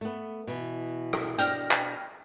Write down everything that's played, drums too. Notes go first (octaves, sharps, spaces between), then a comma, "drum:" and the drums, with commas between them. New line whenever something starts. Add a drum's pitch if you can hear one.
A3 B3
B2 E3
drum: rim click
B2 D4 G5 F6 A#6, drum: hi-hat
drum: clap